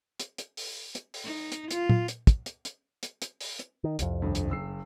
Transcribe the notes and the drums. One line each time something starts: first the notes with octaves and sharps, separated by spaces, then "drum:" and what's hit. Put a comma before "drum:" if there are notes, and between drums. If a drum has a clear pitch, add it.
drum: hi-hat
drum: hi-hat
drum: open hi-hat
drum: hi-hat
drum: open hi-hat
D#4
drum: hi-hat
F4, drum: hi-hat
drum: tom
drum: hi-hat
drum: kick, hi-hat
drum: hi-hat
drum: hi-hat
drum: hi-hat
drum: hi-hat
drum: open hi-hat
drum: hi-hat
D#3
C2 F2, drum: hi-hat
D#1 G2
drum: hi-hat
F#1 E6 C7